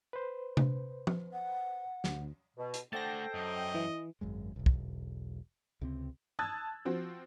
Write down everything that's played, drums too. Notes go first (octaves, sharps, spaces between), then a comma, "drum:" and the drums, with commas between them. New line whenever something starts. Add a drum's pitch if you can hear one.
B4 C5
drum: tom C3
drum: tom
F#5
D2, drum: snare
B2
drum: hi-hat
A3 D4 A4 C5 F#5 G5 A5 A#6
F#2 D#5
E3
G#1 F#2 G#3
E1 B1
drum: kick
C#2 C3 C4
A5 D#6 E6 F#6 G#6 A6
F3 C4 F#4